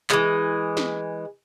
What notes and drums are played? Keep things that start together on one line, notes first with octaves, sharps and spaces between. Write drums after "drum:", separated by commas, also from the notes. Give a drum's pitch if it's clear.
E3 G#3, drum: clap
drum: snare